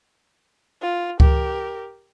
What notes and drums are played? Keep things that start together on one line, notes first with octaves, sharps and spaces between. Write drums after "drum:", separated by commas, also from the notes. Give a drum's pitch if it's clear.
F4
G4 A#4, drum: kick C#2